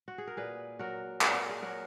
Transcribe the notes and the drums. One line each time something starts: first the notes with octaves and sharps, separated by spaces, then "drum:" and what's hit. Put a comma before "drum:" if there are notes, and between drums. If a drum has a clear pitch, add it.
F#4
G#4
A#4
A#2 G#4 B4
F#3 F#4 A#4
A#2 B4, drum: clap
A#4
G#4
F#3 F#4 A#4